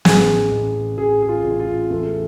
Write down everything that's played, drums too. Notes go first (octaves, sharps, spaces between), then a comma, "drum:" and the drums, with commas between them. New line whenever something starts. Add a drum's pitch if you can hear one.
A1 G#4, drum: snare
A1
A1 G#4
G#4
F4
A1
F4
E2 A3